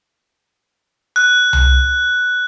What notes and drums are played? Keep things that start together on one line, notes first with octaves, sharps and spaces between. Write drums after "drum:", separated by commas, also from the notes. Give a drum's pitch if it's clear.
F#6
drum: tom C2